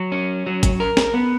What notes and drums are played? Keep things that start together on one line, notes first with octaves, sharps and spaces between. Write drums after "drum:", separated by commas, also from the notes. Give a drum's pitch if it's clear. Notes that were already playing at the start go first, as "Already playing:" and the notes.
Already playing: F#3
C#4
F#3
drum: kick, hi-hat
A#4
drum: snare
B3